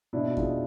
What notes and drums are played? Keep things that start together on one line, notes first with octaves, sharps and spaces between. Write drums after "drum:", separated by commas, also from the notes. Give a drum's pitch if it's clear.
B2 D4 E4
E4
G#3 D#4 F4, drum: kick F2